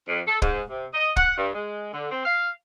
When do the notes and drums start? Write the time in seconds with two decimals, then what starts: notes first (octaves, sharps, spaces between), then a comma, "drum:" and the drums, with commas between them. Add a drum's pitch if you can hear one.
0.09 F2
0.28 A4
0.42 G#2, drum: kick
0.70 C3
0.94 D#5
1.16 F#5, drum: kick
1.38 G2
1.54 G#3
1.93 D3
2.12 C4
2.25 F5